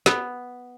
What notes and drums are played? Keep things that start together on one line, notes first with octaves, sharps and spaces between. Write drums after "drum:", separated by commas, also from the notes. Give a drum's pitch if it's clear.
B3, drum: snare